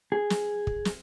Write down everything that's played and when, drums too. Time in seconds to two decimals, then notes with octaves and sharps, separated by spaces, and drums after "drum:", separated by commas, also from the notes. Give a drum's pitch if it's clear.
0.12 G#4
0.30 drum: snare
0.67 drum: kick
0.85 drum: snare